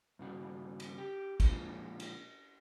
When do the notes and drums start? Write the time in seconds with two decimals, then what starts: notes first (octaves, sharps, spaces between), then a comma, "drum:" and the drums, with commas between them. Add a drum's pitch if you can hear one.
0.19 G2 C#3 F#4
0.80 drum: cymbal
0.98 G4
1.40 A#2 F3 G#3, drum: kick, cymbal
2.00 drum: cymbal